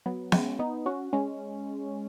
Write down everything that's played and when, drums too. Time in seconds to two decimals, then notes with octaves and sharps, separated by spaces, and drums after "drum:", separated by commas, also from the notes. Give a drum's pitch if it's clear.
0.06 F#3 B3
0.32 G#3 C#4, drum: snare B3
0.59 B3 D#4
0.86 C#4 F#4
1.13 G#3 C#4